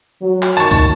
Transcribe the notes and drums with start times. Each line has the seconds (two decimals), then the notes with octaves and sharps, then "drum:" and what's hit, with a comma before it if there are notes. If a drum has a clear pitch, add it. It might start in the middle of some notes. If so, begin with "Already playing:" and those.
0.22 F#3
0.42 drum: clap
0.57 D#3 A5 C#6, drum: tambourine
0.71 drum: kick C#2, tambourine